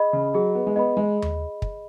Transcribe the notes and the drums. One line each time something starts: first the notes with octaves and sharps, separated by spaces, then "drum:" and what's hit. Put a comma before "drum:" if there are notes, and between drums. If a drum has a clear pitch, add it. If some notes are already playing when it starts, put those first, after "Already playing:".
Already playing: G#4 D#5 B5
C#3
F#3 G#4
B3
G#3
B3 D#5 B5
G#3
drum: tom D#2
drum: kick